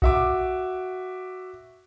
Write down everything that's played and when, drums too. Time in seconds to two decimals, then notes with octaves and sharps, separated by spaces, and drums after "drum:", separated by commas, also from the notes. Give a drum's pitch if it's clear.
0.02 F#4 E5 D6, drum: kick A#1